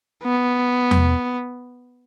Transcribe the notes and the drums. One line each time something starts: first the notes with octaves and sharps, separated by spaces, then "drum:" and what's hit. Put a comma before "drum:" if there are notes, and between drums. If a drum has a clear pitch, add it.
B3
drum: tom E2